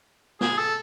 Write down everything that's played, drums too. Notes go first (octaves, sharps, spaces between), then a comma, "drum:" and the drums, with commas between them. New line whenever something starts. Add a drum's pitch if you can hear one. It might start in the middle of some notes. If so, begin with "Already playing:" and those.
G#4, drum: snare
A4